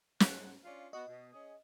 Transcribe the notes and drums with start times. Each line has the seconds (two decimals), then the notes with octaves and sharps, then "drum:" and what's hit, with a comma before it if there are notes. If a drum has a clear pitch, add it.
0.20 G#2 F#5, drum: snare
0.65 C#4 D4 F4
0.93 B3 F#4 D#5
1.07 B2
1.33 C#4 G#4